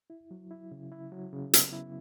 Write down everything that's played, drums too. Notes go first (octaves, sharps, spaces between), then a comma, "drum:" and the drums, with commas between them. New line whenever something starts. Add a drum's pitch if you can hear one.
E4
F#3
E4
C#3
E4
F#3
C#3
B3, drum: hi-hat
E4